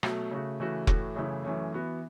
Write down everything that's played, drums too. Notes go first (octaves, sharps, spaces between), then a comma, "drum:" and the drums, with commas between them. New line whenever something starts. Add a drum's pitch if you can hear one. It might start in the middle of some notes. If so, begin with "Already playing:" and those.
B2 F#3 A3, drum: rim click
C#3 A3 F#4
C#3 E3 A3 F#4
A2 E3 A3 F#4, drum: kick F1
F#2 C#3 E3 A3 E4
F#2 E3 A3 C#4
E3 B3 F#4